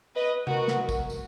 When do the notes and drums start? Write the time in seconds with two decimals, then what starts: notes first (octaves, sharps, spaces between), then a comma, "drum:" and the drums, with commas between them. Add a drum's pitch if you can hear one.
0.16 B4 D#5
0.47 F#4 A#4, drum: tom C3
0.68 drum: snare
0.89 drum: kick, tambourine
1.10 drum: tambourine